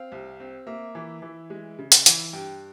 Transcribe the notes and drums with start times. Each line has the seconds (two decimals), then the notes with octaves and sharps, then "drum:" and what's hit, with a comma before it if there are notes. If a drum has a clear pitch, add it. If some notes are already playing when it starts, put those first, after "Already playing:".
Already playing: C4 F5
0.12 C2
0.40 C4
0.67 A#3 E5
0.95 E3
1.22 E3
1.50 G#3
1.79 C#3
1.92 drum: hi-hat
2.06 E3, drum: hi-hat
2.33 G2 G5